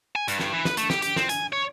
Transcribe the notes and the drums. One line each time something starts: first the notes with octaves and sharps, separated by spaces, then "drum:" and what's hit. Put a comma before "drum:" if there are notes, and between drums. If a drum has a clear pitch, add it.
G#5
G2, drum: hi-hat
G2, drum: snare
E3
B4, drum: snare
A3, drum: hi-hat
G4, drum: snare
G4, drum: hi-hat
C4, drum: snare
G#5, drum: hi-hat
C#5